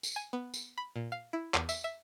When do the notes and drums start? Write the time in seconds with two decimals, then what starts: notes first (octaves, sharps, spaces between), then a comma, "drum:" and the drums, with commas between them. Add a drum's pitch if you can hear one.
0.03 drum: tambourine
0.16 G#5
0.33 B3
0.54 drum: tambourine
0.78 B5
0.96 A#2
1.12 F5
1.33 E4
1.54 E2, drum: clap
1.69 E5, drum: tambourine
1.84 E5